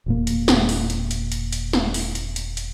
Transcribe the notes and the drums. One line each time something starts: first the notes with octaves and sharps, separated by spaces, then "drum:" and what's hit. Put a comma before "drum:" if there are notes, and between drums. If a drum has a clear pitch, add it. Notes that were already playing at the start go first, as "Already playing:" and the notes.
E1 A#2 A#3
drum: hi-hat
drum: snare
drum: open hi-hat
drum: hi-hat
drum: hi-hat
drum: hi-hat
drum: hi-hat
drum: snare
drum: open hi-hat
drum: hi-hat
drum: hi-hat
drum: hi-hat